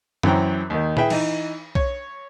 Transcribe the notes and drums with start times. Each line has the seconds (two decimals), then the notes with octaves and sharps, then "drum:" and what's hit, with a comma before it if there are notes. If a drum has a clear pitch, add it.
0.23 F#2 E3 C#4 C5 G5 A#5, drum: tom F#2
0.70 D#2 D#3
0.97 E4 G#4 B4 E5 G5, drum: tom A#2
1.10 E3 D#4, drum: cymbal
1.75 C#5, drum: kick B1